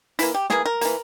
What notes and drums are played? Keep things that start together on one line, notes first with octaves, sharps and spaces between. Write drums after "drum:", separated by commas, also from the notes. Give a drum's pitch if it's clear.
E3 A#3 E4, drum: hi-hat
G4
E3 A#3 G#4, drum: snare
A#4
E3 A#3, drum: hi-hat